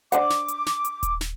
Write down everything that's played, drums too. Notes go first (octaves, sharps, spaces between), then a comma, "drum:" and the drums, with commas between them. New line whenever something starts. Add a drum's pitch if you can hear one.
D4 C5 F#5 D6, drum: hi-hat
drum: snare
drum: hi-hat
drum: snare
drum: hi-hat
drum: kick D#1, hi-hat
drum: snare